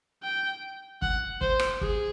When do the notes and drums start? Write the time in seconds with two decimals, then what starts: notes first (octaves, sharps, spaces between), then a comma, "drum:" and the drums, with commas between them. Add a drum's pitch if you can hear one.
0.23 G5
1.02 F#5, drum: kick
1.41 C5, drum: kick
1.59 drum: rim click
1.81 G#4, drum: kick